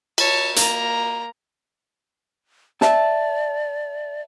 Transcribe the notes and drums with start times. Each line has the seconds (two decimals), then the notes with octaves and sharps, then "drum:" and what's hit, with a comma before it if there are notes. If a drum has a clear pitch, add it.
0.18 C#5 A5, drum: cymbal
0.56 A#3 A#5, drum: hi-hat
2.81 D5 E5 A5, drum: snare